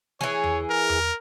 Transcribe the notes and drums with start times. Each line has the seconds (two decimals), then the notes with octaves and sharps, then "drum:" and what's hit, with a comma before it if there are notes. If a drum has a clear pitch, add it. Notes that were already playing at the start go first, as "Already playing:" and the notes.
0.21 E3 G#4 C#5, drum: snare
0.44 drum: tom E2
0.70 A#4
0.89 drum: tom E2